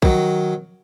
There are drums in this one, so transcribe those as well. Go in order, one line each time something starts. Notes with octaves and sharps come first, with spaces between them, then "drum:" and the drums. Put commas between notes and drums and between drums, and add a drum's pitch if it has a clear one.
D#3 F#3, drum: kick